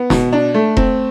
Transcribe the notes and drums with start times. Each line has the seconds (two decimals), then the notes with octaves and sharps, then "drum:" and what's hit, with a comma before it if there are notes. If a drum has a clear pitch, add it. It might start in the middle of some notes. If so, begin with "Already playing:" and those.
Already playing: B3
0.10 B2, drum: snare
0.33 D4
0.54 A3
0.77 C4, drum: kick F1